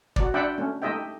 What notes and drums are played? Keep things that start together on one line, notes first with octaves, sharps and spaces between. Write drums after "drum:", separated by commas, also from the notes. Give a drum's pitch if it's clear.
F#4 D5, drum: kick
D4 D5 E5 F#5 G5 B5
A3 C#4
A3 D#4 G4 D#5 E5 G5